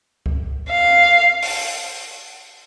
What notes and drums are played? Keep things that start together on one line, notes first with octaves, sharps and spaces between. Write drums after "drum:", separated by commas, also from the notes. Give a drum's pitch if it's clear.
drum: kick C#2
F5
drum: open hi-hat